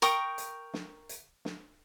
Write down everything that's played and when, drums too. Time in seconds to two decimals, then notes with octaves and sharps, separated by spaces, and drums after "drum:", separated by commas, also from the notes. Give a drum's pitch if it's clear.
0.02 A#4 G5 C#6 D#6, drum: hi-hat
0.38 drum: hi-hat
0.74 drum: snare
1.09 drum: hi-hat
1.45 drum: snare